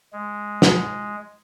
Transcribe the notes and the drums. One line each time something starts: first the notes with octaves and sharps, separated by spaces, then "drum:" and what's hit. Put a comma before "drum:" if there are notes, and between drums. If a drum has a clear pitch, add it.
G#3
drum: snare